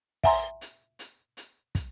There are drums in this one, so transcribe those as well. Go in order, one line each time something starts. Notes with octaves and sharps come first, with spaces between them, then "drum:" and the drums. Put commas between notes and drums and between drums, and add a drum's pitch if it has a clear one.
E5 F#5 G#5 A#5 C6, drum: kick, open hi-hat
drum: hi-hat
drum: hi-hat
drum: hi-hat
drum: kick, hi-hat